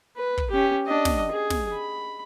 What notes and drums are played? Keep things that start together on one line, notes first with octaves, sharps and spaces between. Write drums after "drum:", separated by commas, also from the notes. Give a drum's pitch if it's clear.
B4
drum: kick
C#4 G4
D4 D#5
drum: snare
G#4
drum: snare
B5